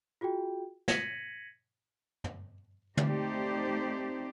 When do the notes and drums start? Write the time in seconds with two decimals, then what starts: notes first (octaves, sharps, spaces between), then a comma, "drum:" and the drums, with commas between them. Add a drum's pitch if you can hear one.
0.21 F4 F#4 G#4 G5
0.88 G#6 A#6 B6 C#7 D#7 F#7, drum: snare
2.24 drum: tom
2.97 A3 C4 D#4 G4 C5 D5, drum: tom